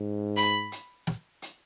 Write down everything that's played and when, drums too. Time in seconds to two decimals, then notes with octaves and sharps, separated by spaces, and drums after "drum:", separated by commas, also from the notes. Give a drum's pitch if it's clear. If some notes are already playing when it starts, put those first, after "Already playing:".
Already playing: G#2
0.37 B5, drum: hi-hat
0.72 drum: hi-hat
1.07 drum: snare
1.42 drum: hi-hat